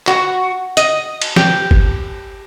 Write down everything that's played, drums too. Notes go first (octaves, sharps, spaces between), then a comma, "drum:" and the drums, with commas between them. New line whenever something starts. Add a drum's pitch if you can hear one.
F#4, drum: clap
D#5, drum: hi-hat
drum: cymbal
G4, drum: snare
drum: kick G1